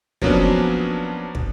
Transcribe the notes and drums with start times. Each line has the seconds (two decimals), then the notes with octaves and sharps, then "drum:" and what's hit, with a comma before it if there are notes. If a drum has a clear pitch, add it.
0.22 F3 F#3 A#3 B3 C#4 D4, drum: kick
1.35 drum: kick